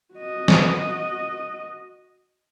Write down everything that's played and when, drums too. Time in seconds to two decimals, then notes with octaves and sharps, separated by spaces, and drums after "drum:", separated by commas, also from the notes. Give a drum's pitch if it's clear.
0.14 F#4 D#5
0.48 drum: snare